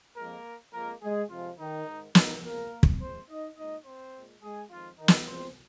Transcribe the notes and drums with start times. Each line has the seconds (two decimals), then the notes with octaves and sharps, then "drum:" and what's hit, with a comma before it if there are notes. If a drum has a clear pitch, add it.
0.17 F2 F3 G#3 A#3 A#4
0.73 F2 F3 G#3 A#3 A#4
1.03 G#3 G#4
1.30 F2 C3 F3 G#3 F4
1.58 D#3 D#4
1.88 G#2 D#3 G#3
2.15 D#3 D#4, drum: snare
2.44 F2 F3 G#3 A#3 A#4
2.83 drum: kick
3.00 A#2 G#3 C4 C5
3.29 D#4 D#5
3.57 A#2 G#3 D#4 D#5
3.85 C4 C5
4.15 A#2 G#3
4.42 G#3 G#4
4.70 F2 D#3 F3 G#3 F4
4.98 D#3 D#4
5.08 drum: snare
5.27 A#2 F3 G#3 C4 C5